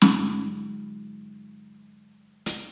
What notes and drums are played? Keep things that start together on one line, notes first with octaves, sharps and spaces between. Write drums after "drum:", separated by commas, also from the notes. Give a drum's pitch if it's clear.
G2 D3 F#3 G#3 D#4 F4, drum: snare
drum: hi-hat